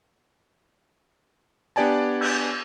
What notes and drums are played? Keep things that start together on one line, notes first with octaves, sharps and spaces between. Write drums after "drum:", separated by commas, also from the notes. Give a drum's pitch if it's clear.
B3 D4 G4 D5 G#5 A5
drum: cymbal